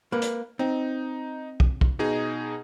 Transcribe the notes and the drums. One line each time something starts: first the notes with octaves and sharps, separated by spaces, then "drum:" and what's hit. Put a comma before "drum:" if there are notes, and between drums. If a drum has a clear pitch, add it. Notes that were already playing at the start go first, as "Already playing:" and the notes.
A#3 B4
drum: hi-hat
C4 D#4
drum: kick
drum: kick
B2 D#4 G#4